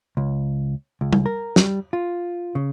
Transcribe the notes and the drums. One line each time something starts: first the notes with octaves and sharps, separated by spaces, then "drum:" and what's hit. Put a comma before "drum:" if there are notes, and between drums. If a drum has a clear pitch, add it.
C#2
C#2
drum: tom G3
A#4
G3, drum: snare
F4
C#3